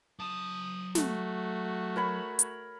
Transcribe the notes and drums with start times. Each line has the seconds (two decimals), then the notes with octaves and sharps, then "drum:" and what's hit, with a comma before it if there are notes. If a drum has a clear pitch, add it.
0.19 F#3 A5 D#6
0.95 A3 F#4, drum: snare
1.96 A#4 C#5 B5
2.39 drum: hi-hat